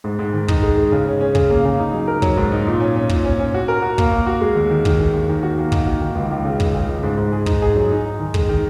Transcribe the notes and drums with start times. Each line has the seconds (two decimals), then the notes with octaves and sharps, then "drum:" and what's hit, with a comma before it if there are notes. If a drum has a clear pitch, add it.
0.04 G#2
0.19 G#2
0.33 D#3
0.48 D#4, drum: kick
0.63 G#3
0.78 G#3
0.92 C#3
1.06 C#4
1.21 C#4
1.35 C#3, drum: kick
1.50 A#3
1.65 C#3
1.79 D#4
1.94 F#3
2.08 A#4
2.22 F#3, drum: kick
2.37 G#2
2.52 D#4
2.67 A#2
2.80 C#4
2.96 C#4
3.09 A#2, drum: kick
3.25 C#4
3.39 C#4
3.54 F#4
3.68 A#4
3.82 F#4
3.98 A#3, drum: kick
4.11 A#3
4.26 F#4
4.41 G#3
4.55 D#2
4.70 D#3
4.85 D#3, drum: kick
4.99 D#3
5.13 D#2
5.29 D#3
5.43 F#4
5.58 A#3
5.72 D#3, drum: kick
5.86 F#4
6.01 D#3
6.15 C#2
6.31 C#2
6.45 C#3
6.60 C#2, drum: kick
6.75 C#3
6.89 C#2
7.03 G#2
7.18 G#2
7.32 G#4
7.46 D#4, drum: kick
7.62 G#4
7.76 F#3
7.91 D#4
8.05 D#4
8.20 D#3
8.34 G#3, drum: kick
8.49 D#3